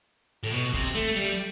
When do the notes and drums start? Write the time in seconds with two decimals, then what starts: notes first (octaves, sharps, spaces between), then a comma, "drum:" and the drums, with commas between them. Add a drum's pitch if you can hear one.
0.43 A2
0.52 B2
0.73 C3, drum: kick
0.95 A3
1.16 G3